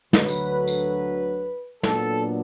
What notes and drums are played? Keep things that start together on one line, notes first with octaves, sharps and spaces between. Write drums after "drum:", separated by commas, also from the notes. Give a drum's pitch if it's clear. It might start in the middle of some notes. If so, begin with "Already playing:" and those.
D2 D3 F#3 B4, drum: snare
drum: tambourine
drum: tambourine
A#2 F#3 B3 D4 A4, drum: snare